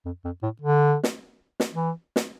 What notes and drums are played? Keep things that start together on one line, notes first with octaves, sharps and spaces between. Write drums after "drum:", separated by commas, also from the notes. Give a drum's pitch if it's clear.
F2
F2
A2
D3
drum: snare
drum: snare
E3
drum: snare